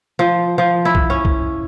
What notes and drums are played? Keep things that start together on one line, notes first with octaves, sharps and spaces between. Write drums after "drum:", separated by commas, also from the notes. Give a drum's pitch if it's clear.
F3
F3
E4
drum: kick B1
C#4
drum: kick B1